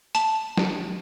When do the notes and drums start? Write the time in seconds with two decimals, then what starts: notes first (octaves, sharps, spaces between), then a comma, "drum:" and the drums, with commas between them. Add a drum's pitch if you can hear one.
0.15 A5, drum: tambourine
0.57 drum: snare